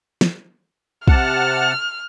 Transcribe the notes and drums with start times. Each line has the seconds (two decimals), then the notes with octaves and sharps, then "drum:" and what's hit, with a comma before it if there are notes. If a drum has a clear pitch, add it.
0.21 drum: snare
1.08 C3 F#5 A5 F6, drum: kick